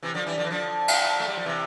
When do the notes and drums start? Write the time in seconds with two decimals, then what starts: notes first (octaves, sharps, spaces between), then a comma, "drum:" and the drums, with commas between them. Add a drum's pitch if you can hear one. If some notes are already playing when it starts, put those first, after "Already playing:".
0.03 C3 E3
0.14 D3 F3
0.27 E3 G3
0.38 D3 F3
0.44 E3
0.50 D3 F3
0.88 drum: cymbal
1.20 A3
1.28 G3
1.37 F3
1.45 C3 E3